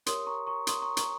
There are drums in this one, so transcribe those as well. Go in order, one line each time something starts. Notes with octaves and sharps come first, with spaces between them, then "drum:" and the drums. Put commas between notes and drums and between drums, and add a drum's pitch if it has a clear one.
G4 A#4 C#5 C6 D#6, drum: hi-hat
A#5 C#6
A#5 C#6
C6 D#6, drum: hi-hat
A#5 C#6
A#5 C#6, drum: hi-hat